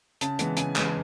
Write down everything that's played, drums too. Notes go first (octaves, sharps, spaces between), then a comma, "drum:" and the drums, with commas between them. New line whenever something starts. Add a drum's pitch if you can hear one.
C#3 A5, drum: hi-hat
E3 G#3 B3, drum: hi-hat
C#3 G#5, drum: hi-hat
E3 G#3 B3, drum: clap